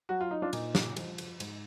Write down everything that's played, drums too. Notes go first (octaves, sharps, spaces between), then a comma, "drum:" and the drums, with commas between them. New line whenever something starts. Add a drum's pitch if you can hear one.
F#3 F#4
F4
D#4
D4 F4
A#2 D#4, drum: cymbal
drum: snare
F3, drum: cymbal
drum: cymbal
G#2, drum: cymbal